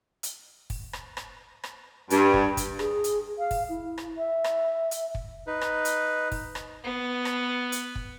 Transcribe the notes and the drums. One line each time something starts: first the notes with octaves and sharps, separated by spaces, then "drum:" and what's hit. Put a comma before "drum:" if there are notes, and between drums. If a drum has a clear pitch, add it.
drum: hi-hat
drum: kick, open hi-hat
drum: rim click
drum: rim click
drum: rim click
G2, drum: hi-hat
drum: kick
drum: kick, hi-hat
G#4, drum: rim click
drum: hi-hat
F5
drum: kick, open hi-hat
E4
drum: rim click
E5
drum: rim click
drum: hi-hat
drum: kick
D#4 B4
drum: rim click
drum: hi-hat
drum: kick, open hi-hat
drum: rim click
B3
drum: rim click
drum: hi-hat
drum: kick